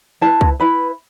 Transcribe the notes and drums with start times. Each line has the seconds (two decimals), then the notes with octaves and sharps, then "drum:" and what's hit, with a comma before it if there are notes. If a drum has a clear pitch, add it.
0.21 E4 B4 A5
0.41 drum: kick C#2
0.60 E4 B4 B5